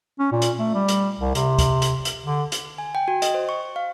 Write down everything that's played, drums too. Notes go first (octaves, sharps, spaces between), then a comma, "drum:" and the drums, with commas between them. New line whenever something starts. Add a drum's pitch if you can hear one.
C#4
A#2
drum: hi-hat
A3
G3
drum: hi-hat
C2
C3, drum: hi-hat
drum: kick, hi-hat
drum: hi-hat
drum: hi-hat
D3
drum: hi-hat
G#5
G5
F#4
D#5, drum: hi-hat
C5
C#6
F5